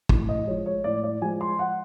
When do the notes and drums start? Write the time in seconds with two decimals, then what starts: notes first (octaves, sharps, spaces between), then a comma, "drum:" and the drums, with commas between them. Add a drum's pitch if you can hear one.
0.09 A2, drum: kick
0.29 D#5
0.47 F3 G#3 C#5
0.66 C#5
0.84 A2 D5
1.04 D5
1.22 F3 G#3 G#5
1.41 C6
1.59 F#5